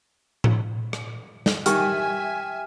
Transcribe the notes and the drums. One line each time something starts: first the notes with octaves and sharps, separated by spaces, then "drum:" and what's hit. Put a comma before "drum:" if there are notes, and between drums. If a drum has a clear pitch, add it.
drum: tom A2
drum: rim click
drum: snare
G2 D#3 G4 E5 G#5 C#6 F6, drum: hi-hat